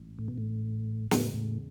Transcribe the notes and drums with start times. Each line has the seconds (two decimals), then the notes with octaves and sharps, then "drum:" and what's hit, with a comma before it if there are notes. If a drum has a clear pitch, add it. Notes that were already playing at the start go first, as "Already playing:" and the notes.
Already playing: A1 G#2
0.19 A2
0.28 B2
0.38 A2
1.11 E2 A2 C#3 G#3 C#4, drum: snare
1.34 A2